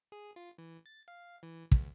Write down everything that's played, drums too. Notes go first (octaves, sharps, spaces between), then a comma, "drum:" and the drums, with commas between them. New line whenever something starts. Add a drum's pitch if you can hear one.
G#4
F4
E3
A6
F5
E3
D2, drum: kick